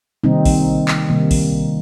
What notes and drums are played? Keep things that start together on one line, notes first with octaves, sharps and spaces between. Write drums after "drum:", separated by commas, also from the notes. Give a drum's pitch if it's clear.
C3 D#3 G3 A#3 C4 D#4
drum: kick A#1, open hi-hat
drum: clap
C3 D#3 G3 A#3
drum: kick A#1, open hi-hat